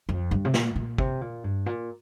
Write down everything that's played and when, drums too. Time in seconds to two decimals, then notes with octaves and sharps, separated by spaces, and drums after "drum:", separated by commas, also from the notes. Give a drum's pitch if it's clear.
0.09 F2
0.31 G2
0.45 C3
0.54 A#2, drum: snare
0.76 A#2
0.98 C3, drum: kick
1.21 A#2
1.44 G2
1.66 A#2